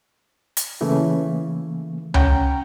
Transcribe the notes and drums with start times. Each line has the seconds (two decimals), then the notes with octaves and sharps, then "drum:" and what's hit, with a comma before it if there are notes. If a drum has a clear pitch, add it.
0.57 drum: hi-hat
0.81 C#3 E3 A3 A#3
2.14 C#4 F#5 G5 A#5, drum: tom C#2